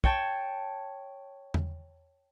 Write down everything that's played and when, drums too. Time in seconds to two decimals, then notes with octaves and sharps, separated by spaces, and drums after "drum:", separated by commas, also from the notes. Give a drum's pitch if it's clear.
0.04 C#5 G5 A5, drum: kick
1.54 drum: tom E2